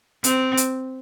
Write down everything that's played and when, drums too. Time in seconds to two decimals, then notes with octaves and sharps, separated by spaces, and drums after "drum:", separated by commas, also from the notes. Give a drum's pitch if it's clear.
0.24 C4, drum: hi-hat
0.57 drum: hi-hat